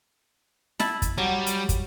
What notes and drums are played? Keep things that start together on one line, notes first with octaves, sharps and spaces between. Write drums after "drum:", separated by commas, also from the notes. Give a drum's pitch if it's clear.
E4 A5 B5, drum: snare
drum: kick, hi-hat
F#3 G3
drum: hi-hat
drum: kick, hi-hat